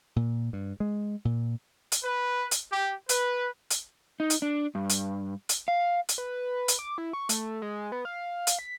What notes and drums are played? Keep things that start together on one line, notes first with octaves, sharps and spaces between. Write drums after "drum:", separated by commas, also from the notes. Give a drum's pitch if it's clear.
A#2
G2
G#3
A#2
drum: hi-hat
B4
drum: hi-hat
G4
B4, drum: hi-hat
drum: hi-hat
D#4
drum: hi-hat
D4
G2
drum: hi-hat
drum: hi-hat
F5
drum: hi-hat
B4
drum: hi-hat
D6
E4
C#6
A3, drum: hi-hat
G#3
B3
F5
drum: hi-hat
B6